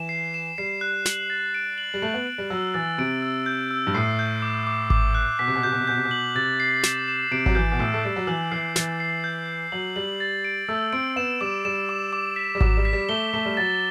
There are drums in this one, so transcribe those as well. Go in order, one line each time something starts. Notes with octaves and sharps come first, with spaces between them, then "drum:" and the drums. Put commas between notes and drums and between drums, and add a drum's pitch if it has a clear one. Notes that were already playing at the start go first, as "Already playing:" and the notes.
Already playing: E3 E7
C7
E7
G3 C7
F#6
F#7, drum: snare
A6
D7
F#7
G3
A3 F#7
B3
D7
G3
F#3 E6
E3 A6
C3 D7
E6
G6
E6
G2
A2 C7
G6
D6
D6
D6, drum: kick G#1
F#6
B2 B6
C3
B2
C3 G6
B2
C3
B2 G6
C3
B2
F#7
C3 A6
C7
E7, drum: snare
E7
C3 D7
F#3, drum: kick G#1
E3 G6
B2
A2 E6
A3
G3 D7
F#3
E3 F#7
E3 C7
E3 A6, drum: snare
C7
G6
G6
F#3 F#7
G3 F#7
A6
D7
A3 E6
C4 D7
B3 E7
G3 D6
G3 E7
D6
D6
B6
G3
F#3 D6, drum: kick G#1
G3
B6
G3
A3 G7
A3 G7
G3
F#3 A6